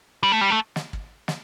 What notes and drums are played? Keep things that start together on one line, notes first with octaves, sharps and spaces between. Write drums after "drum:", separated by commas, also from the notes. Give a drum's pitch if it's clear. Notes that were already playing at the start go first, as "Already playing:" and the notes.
G3
A3
G3
A3
drum: snare
drum: kick
drum: snare